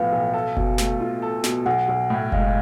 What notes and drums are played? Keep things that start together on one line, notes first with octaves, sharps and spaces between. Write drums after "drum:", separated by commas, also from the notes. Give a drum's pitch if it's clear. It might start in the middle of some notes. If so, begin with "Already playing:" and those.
Already playing: B1 A2 F3 B3 F5
B1
A4
B2, drum: kick F#1
A3, drum: snare
F4
A4
B2, drum: snare
B1 F#5
B1
A2
G#3 F5, drum: kick F#1